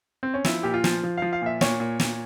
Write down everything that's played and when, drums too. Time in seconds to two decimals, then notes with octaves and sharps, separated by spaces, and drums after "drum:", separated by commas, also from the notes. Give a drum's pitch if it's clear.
0.23 C4
0.34 C#4
0.45 F3 E4, drum: snare
0.63 A#2 G4
0.74 F4
0.84 F3, drum: snare
1.03 F3
1.18 F3 F5
1.33 F5
1.42 A#2 E5
1.61 A#2 C#5, drum: snare
1.80 A#2
2.00 A#2, drum: snare